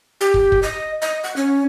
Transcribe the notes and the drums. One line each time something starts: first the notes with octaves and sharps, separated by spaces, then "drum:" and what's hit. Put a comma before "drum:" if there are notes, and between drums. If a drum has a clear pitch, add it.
G4
drum: kick
drum: kick
D#5
D#5
F#5
C#4